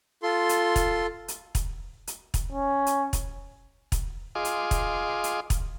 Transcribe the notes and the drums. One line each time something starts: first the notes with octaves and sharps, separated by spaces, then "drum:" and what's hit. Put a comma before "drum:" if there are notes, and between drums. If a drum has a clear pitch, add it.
F4 A4 C6
drum: hi-hat
drum: kick, hi-hat
drum: hi-hat
drum: kick, hi-hat
drum: hi-hat
drum: kick, hi-hat
C#4
drum: hi-hat
drum: kick, hi-hat
drum: kick, hi-hat
F4 G#4 D#5 C6 D6
drum: hi-hat
drum: kick, hi-hat
drum: hi-hat
drum: kick, hi-hat